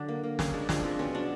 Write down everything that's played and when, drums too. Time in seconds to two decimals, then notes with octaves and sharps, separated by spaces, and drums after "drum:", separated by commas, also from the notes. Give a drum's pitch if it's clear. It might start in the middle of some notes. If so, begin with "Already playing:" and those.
Already playing: D3 F#3 D4
0.08 A#3
0.24 A#3
0.39 C#3 C#4, drum: snare
0.54 G#3 D4
0.69 F3 D4, drum: snare
0.84 F3 C4
0.99 B2 C#4
1.15 F#3 D4